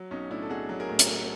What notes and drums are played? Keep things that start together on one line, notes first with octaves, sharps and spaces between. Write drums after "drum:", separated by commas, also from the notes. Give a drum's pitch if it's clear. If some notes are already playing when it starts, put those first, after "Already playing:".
Already playing: F#3
B1 C#4 D#4
A2 D4 E4
A4
B1 F#4 G#4
F#3
G#4 A#4
A2
drum: hi-hat